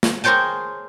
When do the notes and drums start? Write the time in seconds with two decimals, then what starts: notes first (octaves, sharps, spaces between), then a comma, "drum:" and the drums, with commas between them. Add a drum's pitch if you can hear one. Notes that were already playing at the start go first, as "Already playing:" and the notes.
0.03 drum: snare
0.24 G#4 A#4 C5 C#5 G5 A5